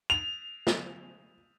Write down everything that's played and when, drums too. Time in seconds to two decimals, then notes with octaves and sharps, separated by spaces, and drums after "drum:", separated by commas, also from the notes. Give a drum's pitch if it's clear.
0.10 F7
0.67 drum: snare